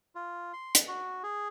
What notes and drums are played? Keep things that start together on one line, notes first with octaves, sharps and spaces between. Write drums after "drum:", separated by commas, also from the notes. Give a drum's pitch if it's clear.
F4
C6
drum: hi-hat
F#4
G#4